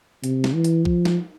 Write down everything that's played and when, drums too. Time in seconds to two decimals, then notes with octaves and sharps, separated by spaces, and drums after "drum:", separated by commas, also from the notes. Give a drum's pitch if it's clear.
0.24 C3, drum: hi-hat
0.44 drum: snare
0.55 E3
0.64 drum: hi-hat
0.85 F3, drum: kick B1
1.05 drum: snare